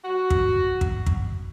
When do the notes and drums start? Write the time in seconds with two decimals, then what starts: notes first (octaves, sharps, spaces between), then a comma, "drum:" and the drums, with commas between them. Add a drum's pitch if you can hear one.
0.05 F#4
0.30 drum: kick
0.81 drum: kick
1.06 drum: kick